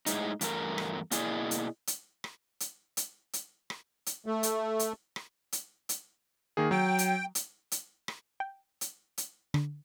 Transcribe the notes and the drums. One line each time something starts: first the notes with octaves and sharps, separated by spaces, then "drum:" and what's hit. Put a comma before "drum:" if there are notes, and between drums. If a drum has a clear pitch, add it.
A2 G#3 D#4, drum: hi-hat
E2 G2 A3 A#4, drum: hi-hat
drum: rim click
B2 A#3 E4 G#4 D5 D#5, drum: hi-hat
drum: hi-hat
drum: hi-hat
drum: rim click
drum: hi-hat
drum: hi-hat
drum: hi-hat
drum: rim click
drum: hi-hat
A3
drum: hi-hat
drum: hi-hat
drum: rim click
drum: hi-hat
drum: hi-hat
D#3 A#3 G#4
F#3 G5
drum: hi-hat
drum: hi-hat
drum: hi-hat
drum: rim click
G5
drum: hi-hat
drum: hi-hat
D3, drum: rim click